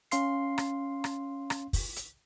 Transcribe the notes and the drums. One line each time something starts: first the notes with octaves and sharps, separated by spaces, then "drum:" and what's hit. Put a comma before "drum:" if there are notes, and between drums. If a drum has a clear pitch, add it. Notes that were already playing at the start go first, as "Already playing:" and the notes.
C#4 F5 C6 C7, drum: hi-hat
drum: rim click
drum: rim click
drum: rim click
drum: kick, open hi-hat
drum: hi-hat